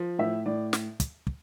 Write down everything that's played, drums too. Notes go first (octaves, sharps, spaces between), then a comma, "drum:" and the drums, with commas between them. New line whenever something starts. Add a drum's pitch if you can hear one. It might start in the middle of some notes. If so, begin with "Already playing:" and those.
Already playing: F3
A2 E5
A2 D5
drum: snare
drum: kick, hi-hat
drum: kick